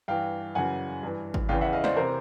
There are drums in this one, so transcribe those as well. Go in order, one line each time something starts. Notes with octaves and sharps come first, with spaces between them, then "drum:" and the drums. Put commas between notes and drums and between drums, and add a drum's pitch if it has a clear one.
G2 E3 F5 G5
F#2 C#3 E3 F#5 G#5
G2 E3
drum: kick
E2 C#3 E3 F5 G5
E5 F#5
D#5 F5
C5 D5, drum: snare
C3 E3 A#4 C5